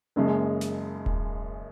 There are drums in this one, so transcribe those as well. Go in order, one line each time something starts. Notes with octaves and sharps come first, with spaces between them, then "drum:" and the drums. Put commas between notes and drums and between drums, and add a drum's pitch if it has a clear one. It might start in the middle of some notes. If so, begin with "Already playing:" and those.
F#1 F#2 C#3 G#3
drum: snare
drum: kick D#1